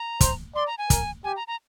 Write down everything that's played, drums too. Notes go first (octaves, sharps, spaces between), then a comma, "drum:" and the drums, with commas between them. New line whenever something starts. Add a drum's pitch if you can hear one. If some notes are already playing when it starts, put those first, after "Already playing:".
Already playing: A#5
C5, drum: kick, hi-hat
D5 C6
A#5
G#5
A#4, drum: kick, hi-hat
G4 G#5
A#5
A#5